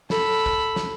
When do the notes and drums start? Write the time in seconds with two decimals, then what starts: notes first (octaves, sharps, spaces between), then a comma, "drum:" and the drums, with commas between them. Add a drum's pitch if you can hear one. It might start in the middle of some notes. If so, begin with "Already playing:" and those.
0.10 A4 B5, drum: snare
0.46 drum: kick
0.76 drum: snare